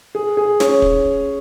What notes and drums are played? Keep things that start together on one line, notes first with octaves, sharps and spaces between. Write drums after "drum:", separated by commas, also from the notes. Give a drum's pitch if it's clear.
G#4
G#4
C#4, drum: snare
drum: kick